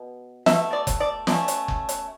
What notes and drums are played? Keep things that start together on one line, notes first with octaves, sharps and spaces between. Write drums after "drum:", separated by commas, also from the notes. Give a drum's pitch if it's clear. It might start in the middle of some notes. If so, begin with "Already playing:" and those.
Already playing: B2
B2 A3 E5, drum: snare
D5
drum: kick F#1, hi-hat
D5
B2 A3 C#4 D5, drum: snare
drum: hi-hat
drum: kick F#1
drum: hi-hat